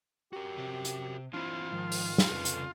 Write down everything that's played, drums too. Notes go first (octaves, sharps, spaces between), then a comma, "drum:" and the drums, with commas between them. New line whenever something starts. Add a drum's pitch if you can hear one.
F#4 G4 A#4
C3
drum: hi-hat
E3 C4 D4 E4 F4
G#2 D#3 F3
drum: open hi-hat
drum: snare
C2 F2 C#3 A4 B4
drum: hi-hat